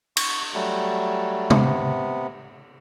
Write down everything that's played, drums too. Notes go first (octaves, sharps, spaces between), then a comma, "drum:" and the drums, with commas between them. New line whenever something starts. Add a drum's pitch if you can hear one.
C#6, drum: cymbal
F#3 G3 A3
C3 B3, drum: tom